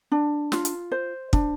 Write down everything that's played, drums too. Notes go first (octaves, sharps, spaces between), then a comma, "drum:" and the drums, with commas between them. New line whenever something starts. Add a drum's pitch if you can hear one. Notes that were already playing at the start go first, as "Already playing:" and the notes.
D4
F4, drum: snare
drum: hi-hat
C5
D4, drum: kick